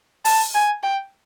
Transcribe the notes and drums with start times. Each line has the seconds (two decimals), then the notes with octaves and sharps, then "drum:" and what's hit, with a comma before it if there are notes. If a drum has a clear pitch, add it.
0.25 A5, drum: open hi-hat
0.55 G#5
0.83 G5